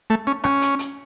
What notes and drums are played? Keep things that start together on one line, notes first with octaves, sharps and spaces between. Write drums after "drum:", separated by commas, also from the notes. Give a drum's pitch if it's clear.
A3
C#4
C#4, drum: rim click
drum: hi-hat
drum: hi-hat